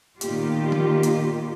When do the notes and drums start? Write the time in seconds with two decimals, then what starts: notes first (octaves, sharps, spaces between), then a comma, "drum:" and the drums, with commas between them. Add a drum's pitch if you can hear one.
0.21 A#2 D#3 B3 F4 G4, drum: hi-hat
0.72 drum: tom D3
1.03 drum: hi-hat